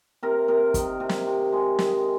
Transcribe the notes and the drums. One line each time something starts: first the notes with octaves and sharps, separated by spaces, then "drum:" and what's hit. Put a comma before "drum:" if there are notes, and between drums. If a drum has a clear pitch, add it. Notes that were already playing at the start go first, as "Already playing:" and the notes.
C3 A#4
C3 A#4
D#3, drum: kick, hi-hat
C3
drum: snare
C3
G#3
D#3, drum: snare